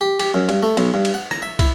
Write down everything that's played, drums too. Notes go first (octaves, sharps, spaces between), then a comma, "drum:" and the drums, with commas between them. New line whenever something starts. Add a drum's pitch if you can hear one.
G4
G4, drum: cymbal
F#2
G2, drum: cymbal
A3
B1, drum: cymbal
G2
drum: cymbal
F#5
A#5, drum: rim click
E5
E4, drum: kick, cymbal